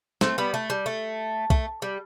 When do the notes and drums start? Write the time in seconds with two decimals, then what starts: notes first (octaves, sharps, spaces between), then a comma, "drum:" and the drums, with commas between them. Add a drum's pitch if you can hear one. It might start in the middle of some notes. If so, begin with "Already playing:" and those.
0.21 A3 C4, drum: snare
0.38 G3 B3
0.54 A3
0.70 G3
0.86 A3
1.50 A3, drum: kick B1
1.82 G3